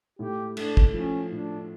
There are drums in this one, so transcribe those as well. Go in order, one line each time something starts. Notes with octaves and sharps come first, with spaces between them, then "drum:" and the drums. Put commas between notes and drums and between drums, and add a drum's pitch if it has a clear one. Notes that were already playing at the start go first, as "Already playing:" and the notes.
A2 G4
A3 D4, drum: cymbal
drum: kick
F3 C#4
A2 D4